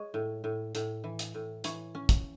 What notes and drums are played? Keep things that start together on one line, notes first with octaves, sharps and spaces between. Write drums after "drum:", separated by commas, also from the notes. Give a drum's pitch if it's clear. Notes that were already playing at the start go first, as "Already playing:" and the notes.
Already playing: G#3 C#5
A2
A2
A2, drum: hi-hat
E3
drum: hi-hat
A2
E3 C#5, drum: hi-hat
C#4
drum: kick, hi-hat